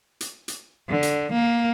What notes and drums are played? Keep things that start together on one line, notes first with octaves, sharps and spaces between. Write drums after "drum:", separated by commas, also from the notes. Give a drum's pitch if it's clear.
drum: hi-hat
drum: hi-hat
D3
drum: hi-hat
A#3